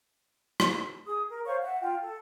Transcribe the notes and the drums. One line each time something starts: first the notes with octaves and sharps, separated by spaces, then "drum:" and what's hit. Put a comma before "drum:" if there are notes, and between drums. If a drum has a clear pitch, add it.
drum: rim click
G#4 D#6
A#4
C5 C#5 F5 C#6
E5 F#5
F4 G5
A4